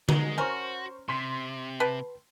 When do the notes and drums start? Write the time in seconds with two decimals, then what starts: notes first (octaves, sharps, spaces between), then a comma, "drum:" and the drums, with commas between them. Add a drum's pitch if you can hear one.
0.09 F#3 G#3 D#4, drum: tom D3
0.38 C#4 F#4 A#4 C5 C#6
1.09 C3 C6 B6
1.80 B4 G5 A5